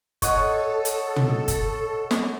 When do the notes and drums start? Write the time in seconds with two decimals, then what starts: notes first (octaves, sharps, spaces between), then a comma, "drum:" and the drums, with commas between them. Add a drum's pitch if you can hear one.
0.22 A4 C#5 D#5 F#5, drum: kick F#1, hi-hat
0.85 drum: hi-hat
1.16 drum: tom
1.48 drum: kick F#1, hi-hat
2.11 drum: snare